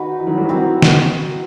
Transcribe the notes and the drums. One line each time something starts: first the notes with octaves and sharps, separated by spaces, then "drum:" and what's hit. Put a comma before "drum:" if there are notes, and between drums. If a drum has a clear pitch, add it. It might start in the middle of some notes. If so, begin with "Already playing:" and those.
Already playing: D#3 D#4 F#4 B4
E3
D#3 F#3
E3 G3
D#3
E3 C4 F#4 C5
drum: snare